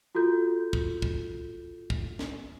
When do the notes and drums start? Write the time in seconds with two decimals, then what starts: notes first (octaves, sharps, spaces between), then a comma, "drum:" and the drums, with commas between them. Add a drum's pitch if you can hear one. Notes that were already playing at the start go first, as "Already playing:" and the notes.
0.15 F4 F#4 A4 G6
0.73 drum: kick
1.02 drum: kick
1.90 drum: kick
2.19 drum: snare